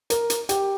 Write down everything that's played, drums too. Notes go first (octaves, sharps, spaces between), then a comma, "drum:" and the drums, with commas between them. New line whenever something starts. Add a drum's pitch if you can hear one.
A#4, drum: hi-hat
drum: hi-hat
G4, drum: hi-hat